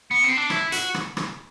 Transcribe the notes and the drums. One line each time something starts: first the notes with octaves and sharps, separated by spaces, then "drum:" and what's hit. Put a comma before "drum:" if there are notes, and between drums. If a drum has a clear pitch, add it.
B3
C4
D4
E4, drum: rim click
F#4, drum: hi-hat
drum: rim click
drum: rim click